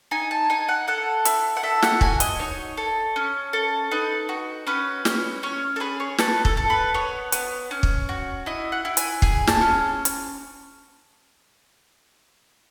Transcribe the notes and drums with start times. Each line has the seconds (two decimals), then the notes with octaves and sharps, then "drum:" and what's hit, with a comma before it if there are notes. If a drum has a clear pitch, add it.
0.11 D#4 G#5
0.31 A5
0.50 D#4 G#5
0.69 F#5
0.88 A4 F#5
1.25 E4, drum: hi-hat
1.57 F#5
1.63 A4 E5
1.82 F#5, drum: snare
2.01 F#4 G#5, drum: kick
2.20 D#5, drum: hi-hat
2.39 D#4 C#5
2.77 A4
3.16 C#4
3.53 A4
3.91 D#4 B4
4.29 F#4
4.67 C#4 B4
5.05 C#4, drum: snare
5.43 C#4 C#5
5.76 A4
5.80 G#4 B4
6.00 C#5
6.18 A4 B4, drum: snare
6.45 A4, drum: kick
6.57 A4
6.70 B4
6.94 B3 C#5
7.32 B3, drum: hi-hat
7.71 C#4
7.83 drum: kick
8.09 F#4
8.46 E4 D#5
8.72 F#5
8.85 E4
8.97 G#5, drum: hi-hat
9.22 G#4 G#5, drum: kick
9.47 A5, drum: snare
9.61 C#4
10.05 drum: hi-hat